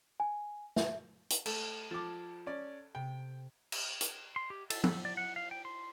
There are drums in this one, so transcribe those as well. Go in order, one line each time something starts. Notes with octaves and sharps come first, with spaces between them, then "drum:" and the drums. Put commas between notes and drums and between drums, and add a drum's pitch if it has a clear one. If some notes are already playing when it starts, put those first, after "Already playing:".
G#5
E5, drum: snare
drum: hi-hat
A3 A5, drum: cymbal
F3 A4 A5 D6
C#4 D5
C3 G5
drum: cymbal
drum: hi-hat
C6
G4
A4, drum: cymbal
A4, drum: tom F3
D5
F#5
F5
G5
C6